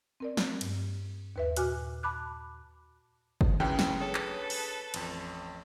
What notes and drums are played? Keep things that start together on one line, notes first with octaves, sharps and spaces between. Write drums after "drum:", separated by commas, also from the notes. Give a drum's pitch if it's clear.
C4 A#4 D5
drum: snare
G2, drum: cymbal
D#2 B4 E5
A#2 F#4 G#5 D6 F6, drum: hi-hat
A5 B5 D6 F#6
drum: kick G1
F#2 C#3 E3 D4 G4 G5
drum: snare
G#4 A4 B4 C#5
drum: clap
drum: open hi-hat
A1 F2, drum: cymbal